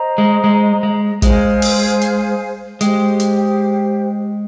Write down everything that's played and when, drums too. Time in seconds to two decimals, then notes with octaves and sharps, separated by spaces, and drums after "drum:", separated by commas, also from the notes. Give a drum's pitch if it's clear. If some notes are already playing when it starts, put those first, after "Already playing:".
Already playing: C5 D#5 A#5
0.18 G#3
0.44 G#3
0.83 G#3
1.22 G#3 G#4 C5 F5 G#5, drum: kick, hi-hat
1.62 drum: open hi-hat
2.01 drum: hi-hat
2.81 G#3 G4 C5 G5, drum: hi-hat
3.20 drum: hi-hat